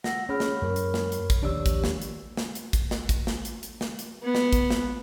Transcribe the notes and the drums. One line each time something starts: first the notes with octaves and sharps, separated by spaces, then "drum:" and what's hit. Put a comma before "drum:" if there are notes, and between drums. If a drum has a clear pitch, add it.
F4 F#5 E6 A#6, drum: snare
C#4 G#4 C#5 B5 F6
drum: snare
F#2 A#4
drum: hi-hat
drum: snare
drum: hi-hat
drum: kick, hi-hat
A#1 D#2 D4 G4 C#5 D5 E6
drum: kick, hi-hat
drum: snare
drum: hi-hat
drum: snare
drum: hi-hat
drum: kick, hi-hat
drum: snare
drum: kick, hi-hat
drum: snare
drum: hi-hat
drum: hi-hat
drum: snare
drum: hi-hat
B3
drum: snare
drum: kick, hi-hat
drum: snare